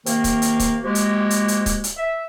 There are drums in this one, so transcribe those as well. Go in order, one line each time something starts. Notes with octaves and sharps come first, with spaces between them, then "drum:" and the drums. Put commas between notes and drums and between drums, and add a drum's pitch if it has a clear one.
C3 D#3 A#3, drum: hi-hat
drum: kick C#1, hi-hat
drum: hi-hat
drum: kick C#1, hi-hat
F3 G#3 A#3 F#4 G4
drum: hi-hat
drum: hi-hat
drum: hi-hat
drum: kick C#1, hi-hat
drum: hi-hat
E5